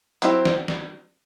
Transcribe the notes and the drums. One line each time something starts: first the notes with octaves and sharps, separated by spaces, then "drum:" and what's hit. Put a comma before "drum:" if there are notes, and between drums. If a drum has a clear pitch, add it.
F#3 C4 E4 G4, drum: hi-hat
drum: snare
drum: snare